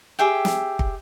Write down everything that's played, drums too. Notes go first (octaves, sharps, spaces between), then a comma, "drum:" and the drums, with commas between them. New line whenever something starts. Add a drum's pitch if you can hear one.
G4 G#4 E5 G5
drum: snare
drum: kick